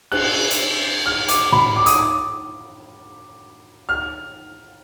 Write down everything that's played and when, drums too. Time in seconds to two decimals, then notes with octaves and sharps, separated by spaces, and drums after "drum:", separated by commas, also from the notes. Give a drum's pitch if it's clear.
0.12 F#6, drum: cymbal
0.51 drum: hi-hat
1.06 F6
1.28 D6, drum: hi-hat
1.52 B5, drum: tom
1.76 D6
1.86 D#6, drum: hi-hat
1.96 D6
3.89 F6